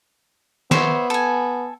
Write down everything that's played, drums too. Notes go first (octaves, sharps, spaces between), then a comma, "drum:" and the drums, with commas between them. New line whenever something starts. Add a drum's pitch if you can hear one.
B3 C5 C#5 E5, drum: snare
A4 G#5